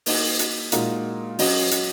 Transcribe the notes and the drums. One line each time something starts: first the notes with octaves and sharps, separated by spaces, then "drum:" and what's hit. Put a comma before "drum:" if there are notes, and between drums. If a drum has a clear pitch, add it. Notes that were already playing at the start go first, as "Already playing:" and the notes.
A#3 D#4 F#4, drum: open hi-hat
drum: hi-hat
A#2 G#3 D#4 F#4 A#4, drum: hi-hat
F#3 C#4 F#4 D#5, drum: open hi-hat
drum: hi-hat